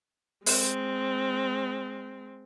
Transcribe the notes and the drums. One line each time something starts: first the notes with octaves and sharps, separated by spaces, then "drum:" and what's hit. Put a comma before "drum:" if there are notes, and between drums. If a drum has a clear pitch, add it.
G#3 C4, drum: open hi-hat